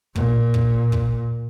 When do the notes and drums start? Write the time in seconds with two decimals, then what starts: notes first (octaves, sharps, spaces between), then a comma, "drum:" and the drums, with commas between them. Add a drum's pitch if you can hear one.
0.16 A#2, drum: kick
0.54 drum: kick
0.92 drum: kick